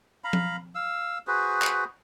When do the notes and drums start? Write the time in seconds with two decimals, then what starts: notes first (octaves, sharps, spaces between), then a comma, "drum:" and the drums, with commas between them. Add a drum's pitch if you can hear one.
0.24 F5 A#5 B5
0.33 drum: tom F3
0.75 F5 E6
1.27 F#4 G#4 B4 C5
1.62 drum: clap